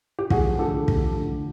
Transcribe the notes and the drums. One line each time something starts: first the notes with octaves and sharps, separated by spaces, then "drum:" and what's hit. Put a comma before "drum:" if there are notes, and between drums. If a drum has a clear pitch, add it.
G4
A3 F#4 G#4, drum: kick
F3
D3 G4 A4
D3
A3, drum: kick
F3
D3
D3